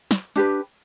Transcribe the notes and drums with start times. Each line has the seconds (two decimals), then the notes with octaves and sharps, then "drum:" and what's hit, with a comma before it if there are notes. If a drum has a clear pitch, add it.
0.11 drum: snare
0.36 D4 G4 B4, drum: hi-hat